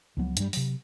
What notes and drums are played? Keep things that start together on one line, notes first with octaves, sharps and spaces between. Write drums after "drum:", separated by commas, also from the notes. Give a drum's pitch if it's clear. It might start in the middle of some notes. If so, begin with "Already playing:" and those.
C#2 F3 F#3 B3
G2 G3, drum: hi-hat
C3 F#3, drum: open hi-hat